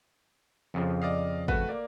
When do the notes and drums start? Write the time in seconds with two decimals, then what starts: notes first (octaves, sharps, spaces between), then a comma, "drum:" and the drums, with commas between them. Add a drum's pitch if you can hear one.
0.74 F2 C#3 F3
1.02 D5 D#5 F5
1.48 A3 F#4 B4, drum: kick
1.69 A#3 D5